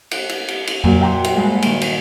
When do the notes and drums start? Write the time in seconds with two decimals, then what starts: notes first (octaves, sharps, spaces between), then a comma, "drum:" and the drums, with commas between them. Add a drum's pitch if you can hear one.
0.11 F#6, drum: cymbal
0.29 drum: cymbal
0.48 drum: cymbal
0.67 drum: cymbal
0.84 A#2 F#3, drum: tom F2
1.01 E5 F#5 G5 A#5 C6 D6
1.24 drum: cymbal
1.35 G2 G#3 F#4
1.62 A#2 D#3, drum: cymbal
1.81 drum: cymbal